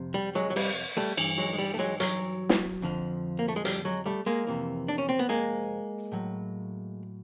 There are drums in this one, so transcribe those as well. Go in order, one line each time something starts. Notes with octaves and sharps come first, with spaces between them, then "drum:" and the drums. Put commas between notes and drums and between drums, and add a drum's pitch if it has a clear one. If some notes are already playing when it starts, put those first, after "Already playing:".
Already playing: F2 C3
G3
F#3 G#3
F#3
G3, drum: open hi-hat
G3 A3
G2 E3, drum: cymbal
F#3 G#3
G#3
G3
A3
F#3 G#3
F#3, drum: hi-hat
drum: snare
F2 D3 F3
A#3
A3
G#3
G3, drum: hi-hat
F#3 G#3
G3 A3
G#3 A#3
F2 C3 E3
D4
C#4
C4
B3
G#3 A#3
A2 F#3